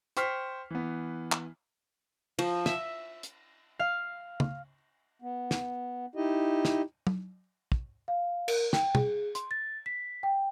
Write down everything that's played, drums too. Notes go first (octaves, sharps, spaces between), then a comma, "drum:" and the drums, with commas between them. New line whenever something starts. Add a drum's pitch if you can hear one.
C5 G5 C#6 F6 B6 C7, drum: hi-hat
E3 B3
drum: clap
F3, drum: cymbal
E5, drum: snare
drum: hi-hat
F5
drum: tom
B3
drum: snare
D#4 E4 G4 D#5
drum: snare
drum: tom
drum: kick
F5
A#4, drum: cymbal
G5, drum: snare
G#4, drum: tom
C6, drum: hi-hat
A6
B6
G5